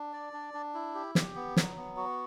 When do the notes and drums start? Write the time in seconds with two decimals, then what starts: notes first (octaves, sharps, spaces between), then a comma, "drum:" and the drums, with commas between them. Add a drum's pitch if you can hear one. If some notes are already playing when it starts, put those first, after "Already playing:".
Already playing: D4
0.13 D5
0.33 D4
0.54 D4
0.74 E4
0.95 G4
1.15 G4, drum: snare
1.36 B3
1.57 F#3, drum: snare
1.77 B3
1.97 F#4